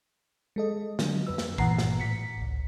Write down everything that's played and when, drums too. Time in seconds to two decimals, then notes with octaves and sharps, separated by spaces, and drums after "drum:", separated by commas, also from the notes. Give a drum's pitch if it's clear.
0.56 G#3 A4 D#5
0.99 D3 F#3 D4, drum: snare
1.27 F2 B4 E6
1.38 drum: snare
1.58 G2 A#2 E3 F#5 A#5 C7, drum: kick
1.78 drum: snare
2.00 A2 B6 C#7
2.37 G#1 C#2